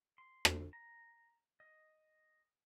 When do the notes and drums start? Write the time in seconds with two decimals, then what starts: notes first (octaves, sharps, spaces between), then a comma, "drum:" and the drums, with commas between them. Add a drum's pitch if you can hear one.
0.18 C6
0.45 drum: rim click
0.73 A#5
1.60 D#5